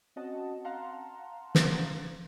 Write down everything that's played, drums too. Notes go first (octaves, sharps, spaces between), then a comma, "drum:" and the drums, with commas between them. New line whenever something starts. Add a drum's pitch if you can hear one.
C4 C#4 F#4 D#5 F#5 A5
F5 F#5 A5 A#5 C6
drum: snare